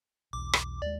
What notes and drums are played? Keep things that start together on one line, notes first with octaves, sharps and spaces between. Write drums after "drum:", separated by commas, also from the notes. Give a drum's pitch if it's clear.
B1 E2 D6
drum: rim click
D#2 G#3 D5